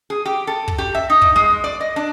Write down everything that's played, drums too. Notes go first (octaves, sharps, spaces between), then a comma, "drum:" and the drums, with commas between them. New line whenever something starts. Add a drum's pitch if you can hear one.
G#4
G4
A4
drum: kick
G4
E5
D#4
drum: kick
G#3
D5
D#5
D4